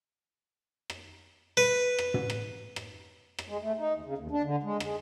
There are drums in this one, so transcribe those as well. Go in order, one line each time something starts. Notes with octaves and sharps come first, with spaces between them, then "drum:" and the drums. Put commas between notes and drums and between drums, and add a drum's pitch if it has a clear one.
drum: rim click
B4
drum: rim click
drum: tom
drum: rim click
drum: rim click
drum: rim click
G#3
A3
D#4
D#2
C#3
D#2
D4
D3
G#3
G#3, drum: rim click